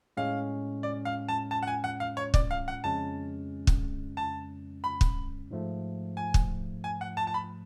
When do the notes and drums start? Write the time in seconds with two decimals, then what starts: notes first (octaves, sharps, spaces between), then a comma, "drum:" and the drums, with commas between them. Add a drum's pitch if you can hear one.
0.17 A2 G#3 C#4 F5
0.83 D5
1.05 F5
1.29 A5
1.51 A5
1.63 F#5
1.67 G#5
1.84 F#5
2.00 F5
2.17 C#5
2.34 D5, drum: kick
2.51 F5
2.68 F#5
2.84 F2 C#3 G#3 C#4 A5
3.67 drum: kick
4.17 A5
4.84 B5
5.01 drum: kick
5.51 G#2 F3 A3
6.17 G#5
6.34 drum: kick
6.84 G#5
7.01 F#5
7.17 A5
7.27 A5
7.34 B5